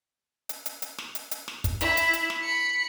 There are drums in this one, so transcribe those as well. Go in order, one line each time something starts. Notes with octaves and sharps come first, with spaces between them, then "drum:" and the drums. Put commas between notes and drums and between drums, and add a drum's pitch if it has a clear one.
drum: hi-hat
drum: hi-hat
drum: hi-hat
drum: snare
drum: hi-hat
drum: hi-hat
drum: snare
drum: kick, hi-hat
E4, drum: hi-hat
drum: hi-hat
drum: hi-hat
drum: snare
B5 C#7